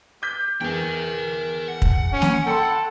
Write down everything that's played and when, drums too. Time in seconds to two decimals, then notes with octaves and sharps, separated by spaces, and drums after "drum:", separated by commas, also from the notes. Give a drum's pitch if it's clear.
0.22 D6 G6 B6
0.61 E2 A#4 G5
1.68 F#5
1.82 drum: kick
2.13 C#4
2.22 drum: snare
2.47 A4 G5 B5 C6